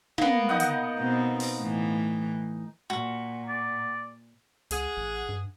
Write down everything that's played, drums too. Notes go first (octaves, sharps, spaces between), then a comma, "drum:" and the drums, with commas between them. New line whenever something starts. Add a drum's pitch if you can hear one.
A#3 B3, drum: tom
D#4 D#5 F#5
drum: hi-hat
B2 C4
drum: open hi-hat
A2 E3
A#2 F#4
D5
C#2 G#4 F#5, drum: hi-hat
A1
G2